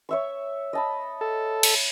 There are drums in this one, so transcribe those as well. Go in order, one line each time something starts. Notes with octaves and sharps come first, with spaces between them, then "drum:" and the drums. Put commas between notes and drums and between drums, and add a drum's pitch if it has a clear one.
C#5 E5 C#6
D#5 A5 B5
A4
drum: cymbal